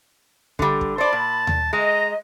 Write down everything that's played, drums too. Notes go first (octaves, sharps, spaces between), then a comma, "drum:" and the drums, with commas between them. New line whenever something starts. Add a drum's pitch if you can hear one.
D3 G3, drum: kick
drum: kick
C5 D5 A5 B5
A#2
drum: tom D#2
G#3 D#5 A#5